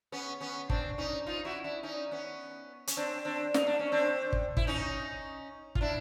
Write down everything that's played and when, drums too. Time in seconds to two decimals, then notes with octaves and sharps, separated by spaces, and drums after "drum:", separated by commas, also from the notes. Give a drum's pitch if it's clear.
0.12 B3 C#4
0.40 B3 C#4
0.70 C4 D4, drum: kick
0.98 C#4 D#4
1.27 D#4 F4
1.45 E4 F#4
1.64 D4 E4
1.83 C#4 D#4
2.11 B3 C#4
2.87 C#4, drum: hi-hat
2.97 C4 D4
3.25 C4 D4
3.54 D#4, drum: snare
3.67 D4
3.79 C#4
3.92 C4 D4
4.33 drum: kick
4.57 E4, drum: kick
4.67 C#4 D#4
5.75 F4, drum: kick
5.81 D4 E4